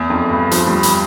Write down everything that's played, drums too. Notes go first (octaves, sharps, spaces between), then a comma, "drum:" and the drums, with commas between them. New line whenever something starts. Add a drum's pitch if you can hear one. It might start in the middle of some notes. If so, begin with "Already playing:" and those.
Already playing: E2
F2
G2
F3, drum: hi-hat
G3
drum: hi-hat